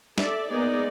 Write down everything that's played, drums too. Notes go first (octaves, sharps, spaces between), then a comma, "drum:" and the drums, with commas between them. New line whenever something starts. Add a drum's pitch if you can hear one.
A4 D5 E5, drum: snare
G#3 A#3 B3 D#4 G#4 D5